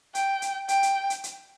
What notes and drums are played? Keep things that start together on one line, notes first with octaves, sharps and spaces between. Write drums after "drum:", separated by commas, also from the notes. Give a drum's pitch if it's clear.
G5, drum: hi-hat
drum: hi-hat
G5, drum: hi-hat
drum: hi-hat
drum: hi-hat
drum: hi-hat